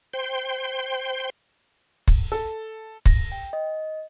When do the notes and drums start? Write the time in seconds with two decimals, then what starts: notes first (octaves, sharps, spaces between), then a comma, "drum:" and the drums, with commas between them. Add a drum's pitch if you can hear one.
0.14 C5 G5 C6
2.08 drum: kick
2.32 A4
3.06 A#6, drum: kick
3.32 G5
3.53 D#5